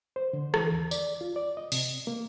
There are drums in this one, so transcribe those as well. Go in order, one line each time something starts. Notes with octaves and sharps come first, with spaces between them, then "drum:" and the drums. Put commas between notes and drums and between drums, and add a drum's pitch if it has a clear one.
C5
D3
E3, drum: rim click
D#2
D5, drum: tambourine
F4
D5
D#5
C3, drum: open hi-hat
A#3